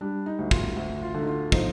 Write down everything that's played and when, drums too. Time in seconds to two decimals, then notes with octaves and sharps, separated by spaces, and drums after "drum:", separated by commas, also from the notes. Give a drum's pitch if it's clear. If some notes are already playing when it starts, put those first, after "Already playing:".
0.01 G3 D4
0.26 D#4
0.39 D2
0.51 F4, drum: kick
0.76 D2
1.02 F4
1.14 D3
1.21 D#4
1.27 F4
1.52 F3 D#4, drum: kick